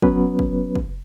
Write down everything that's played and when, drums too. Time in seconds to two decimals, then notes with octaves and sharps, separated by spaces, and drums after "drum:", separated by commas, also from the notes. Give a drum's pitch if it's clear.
0.02 F#3 B3 C#4 B4, drum: kick
0.39 drum: kick
0.75 drum: kick